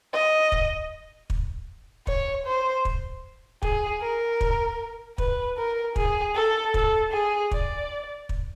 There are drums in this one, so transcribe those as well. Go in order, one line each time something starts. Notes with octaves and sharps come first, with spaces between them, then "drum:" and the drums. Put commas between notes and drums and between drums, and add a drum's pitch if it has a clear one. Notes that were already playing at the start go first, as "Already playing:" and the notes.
D#5
drum: kick
drum: kick
C#5, drum: kick
C5
drum: kick
G#4, drum: kick
A#4
drum: kick
B4, drum: kick
A#4
G#4, drum: kick
A4
A4, drum: kick
G#4
D5, drum: kick
drum: kick